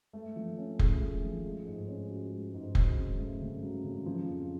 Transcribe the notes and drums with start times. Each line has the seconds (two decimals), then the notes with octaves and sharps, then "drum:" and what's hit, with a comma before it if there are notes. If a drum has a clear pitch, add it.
0.13 A3
0.36 F3
0.58 C#4
0.79 G#4, drum: kick F1
1.01 A3
1.23 F3
1.45 G#3
1.67 G#2
1.88 C#4
2.10 F#4
2.32 G#3
2.54 G#2
2.75 F#3, drum: kick F1
2.97 C#3
3.19 A3
3.41 C#3
3.63 F#3
3.84 C#3
4.06 F3
4.27 F2